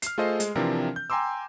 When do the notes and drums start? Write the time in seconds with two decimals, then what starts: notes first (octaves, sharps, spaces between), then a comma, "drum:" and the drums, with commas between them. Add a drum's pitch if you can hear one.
0.02 F6 C7, drum: hi-hat
0.18 A3 F4 G#4 A4 C5 D#5
0.40 G#3, drum: hi-hat
0.55 C3 E3 F3 C4 D4 A#4
0.96 G6
1.10 G5 G#5 A#5 C6 D6 E6